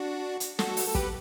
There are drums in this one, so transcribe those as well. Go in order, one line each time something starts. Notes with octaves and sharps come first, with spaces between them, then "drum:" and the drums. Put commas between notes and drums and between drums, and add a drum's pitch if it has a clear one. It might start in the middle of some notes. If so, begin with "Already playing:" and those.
Already playing: D4 F#4
drum: hi-hat
F#4 A4, drum: snare
drum: open hi-hat
A4
G4 B4, drum: kick